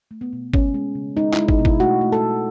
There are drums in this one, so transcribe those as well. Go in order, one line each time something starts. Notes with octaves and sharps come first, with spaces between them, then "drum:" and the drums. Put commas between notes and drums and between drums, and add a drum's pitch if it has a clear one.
A3
B3
B2
G#3 C#4, drum: kick
G#3
C#3
G#3 D#4
G#3 E4, drum: clap
D#4, drum: kick
B2
E4, drum: kick
A3 F#4
A3
A4
B2